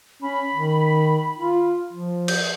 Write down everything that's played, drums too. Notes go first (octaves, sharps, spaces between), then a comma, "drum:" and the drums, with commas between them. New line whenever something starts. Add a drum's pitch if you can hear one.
C#4 B5
D#3
F4
F3
G6, drum: cymbal